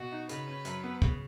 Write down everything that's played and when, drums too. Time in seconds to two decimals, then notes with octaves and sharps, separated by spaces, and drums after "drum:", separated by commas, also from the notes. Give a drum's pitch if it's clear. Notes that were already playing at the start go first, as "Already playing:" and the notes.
Already playing: B2 F#4
0.12 D#4
0.29 C#3 B4, drum: hi-hat
0.48 C#4
0.65 F#2, drum: hi-hat
0.84 B3
1.02 C#3, drum: kick